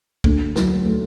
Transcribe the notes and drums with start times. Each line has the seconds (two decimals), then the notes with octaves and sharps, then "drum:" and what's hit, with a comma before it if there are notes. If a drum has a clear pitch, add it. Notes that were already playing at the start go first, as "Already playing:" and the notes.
0.24 D2, drum: kick
0.56 F#3, drum: snare
0.86 A3